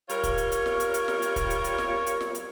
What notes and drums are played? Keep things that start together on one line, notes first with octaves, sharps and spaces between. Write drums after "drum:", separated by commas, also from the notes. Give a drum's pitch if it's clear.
G3 F4 A#4 C#5, drum: hi-hat
drum: kick, hi-hat
drum: hi-hat
drum: hi-hat
drum: snare
drum: hi-hat
drum: hi-hat
drum: snare
drum: hi-hat
drum: kick, hi-hat
drum: hi-hat
drum: hi-hat
drum: snare
drum: hi-hat
drum: snare
drum: hi-hat